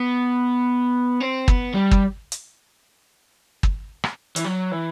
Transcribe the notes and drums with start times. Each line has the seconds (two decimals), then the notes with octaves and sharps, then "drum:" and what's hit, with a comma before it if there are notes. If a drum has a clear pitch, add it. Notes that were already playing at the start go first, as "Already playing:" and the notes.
Already playing: B3
1.21 C4
1.48 B3, drum: kick
1.74 G3
1.91 drum: kick
2.32 drum: hi-hat
3.63 drum: kick
4.04 drum: rim click
4.36 E3, drum: hi-hat
4.44 F#3
4.71 E3